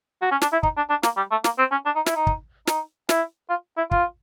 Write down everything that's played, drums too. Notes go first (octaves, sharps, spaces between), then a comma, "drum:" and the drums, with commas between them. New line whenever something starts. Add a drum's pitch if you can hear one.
F#4
C#4
D4, drum: snare
E4
D#4, drum: kick
D4
D4
A#3, drum: snare
G3
A3
A#3, drum: snare
C4
C#4
D4
D#4
E4, drum: snare
D#4
drum: kick
D#4, drum: snare
E4, drum: snare
F4
E4
F4, drum: kick